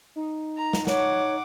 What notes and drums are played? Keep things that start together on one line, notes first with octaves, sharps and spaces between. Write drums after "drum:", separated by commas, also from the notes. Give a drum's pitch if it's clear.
D#4
A#5
drum: snare
C#5 F#5 D6, drum: snare